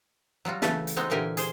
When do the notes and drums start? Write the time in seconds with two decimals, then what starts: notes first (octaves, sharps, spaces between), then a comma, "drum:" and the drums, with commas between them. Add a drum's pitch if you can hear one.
0.45 F#3 G3 F4 F#4
0.62 C#3 E3 A3 A4 B4, drum: snare
0.87 drum: hi-hat
0.96 G#3 B3 C4 D#4 F#4
1.10 A#2 D3 E3 G4 A#4 G#5
1.37 G#4 C5, drum: hi-hat